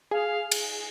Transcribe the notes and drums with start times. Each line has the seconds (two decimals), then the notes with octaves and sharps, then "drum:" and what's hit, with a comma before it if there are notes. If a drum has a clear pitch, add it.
0.11 G#4 F5
0.52 drum: cymbal